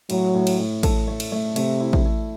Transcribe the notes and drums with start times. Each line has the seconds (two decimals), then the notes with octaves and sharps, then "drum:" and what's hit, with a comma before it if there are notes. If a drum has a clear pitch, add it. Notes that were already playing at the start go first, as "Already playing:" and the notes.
0.10 A2 F#3, drum: cymbal
0.35 A2
0.47 drum: cymbal
0.59 A2
0.83 A4, drum: kick A1, cymbal
1.08 A3
1.20 drum: cymbal
1.32 A3
1.56 C3 A3, drum: cymbal
1.80 E4
1.93 drum: kick A1
2.05 A3